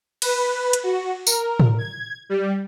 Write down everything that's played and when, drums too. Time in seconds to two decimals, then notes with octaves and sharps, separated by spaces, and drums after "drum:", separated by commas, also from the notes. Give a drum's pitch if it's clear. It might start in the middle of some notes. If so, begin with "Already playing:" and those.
0.22 B4, drum: cymbal
0.73 drum: hi-hat
0.84 F#4
1.27 A#4, drum: tambourine
1.60 drum: tom A2
1.78 G#6
2.29 G3